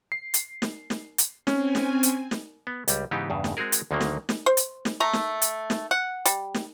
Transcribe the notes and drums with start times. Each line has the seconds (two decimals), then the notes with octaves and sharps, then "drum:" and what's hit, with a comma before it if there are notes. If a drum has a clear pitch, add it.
0.12 C7
0.34 drum: hi-hat
0.62 drum: snare
0.90 drum: snare
1.18 drum: hi-hat
1.47 C4 C#4 G#5, drum: snare
1.75 drum: snare
2.03 drum: hi-hat
2.31 drum: snare
2.67 B3
2.88 C#2 G3, drum: hi-hat
3.11 G#2 C#3 E3 B3 D#4 G4
3.30 E2 G2 C#3
3.44 drum: snare
3.57 G#3 C4 F#4 G#4 A#4
3.72 drum: hi-hat
3.91 D2 D3 D#3 F#3 A#3
4.00 drum: snare
4.29 drum: snare
4.46 C5
4.57 drum: hi-hat
4.85 drum: snare
5.00 A3 A#5
5.13 drum: snare
5.42 drum: hi-hat
5.70 drum: snare
5.91 F#5
6.26 G3, drum: hi-hat
6.54 drum: snare